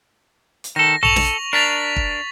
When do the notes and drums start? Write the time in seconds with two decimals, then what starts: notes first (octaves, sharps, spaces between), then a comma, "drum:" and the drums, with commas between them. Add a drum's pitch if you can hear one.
0.64 drum: hi-hat
0.76 D#3 A4 A#6
1.03 A4 C#6 F7 F#7, drum: tom A#1
1.16 drum: snare
1.53 D4 A#4 A6 B6 F7
1.96 drum: kick